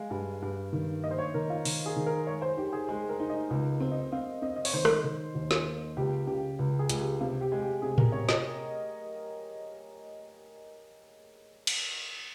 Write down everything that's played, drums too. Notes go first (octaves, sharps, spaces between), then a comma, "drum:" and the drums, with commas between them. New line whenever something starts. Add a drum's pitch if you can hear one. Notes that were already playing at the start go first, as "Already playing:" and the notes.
Already playing: G#3 F5
G2
G2
D#3
A#3 D#5
C5
C#5
D#3 A#4
F4
D#3, drum: open hi-hat
G#4
D#3
A#4
G#3 C#5
C5
D#4 G4
G#4
G#3 G#4
A#4
D#4
D#5
C#2
C4
D#5
C4 F5
C4 D#5
D#5
C#5, drum: open hi-hat
D#3 C5
drum: rim click
D#3
D#2
drum: snare
A#3
C#2 G4
C#3 G4
C#2
G#4
C#2 G#4, drum: hi-hat
G4
C3 F4
G4
G#3
G4
C3 G#4
A#4, drum: tom A2
C3 C#5
D#5, drum: snare
drum: cymbal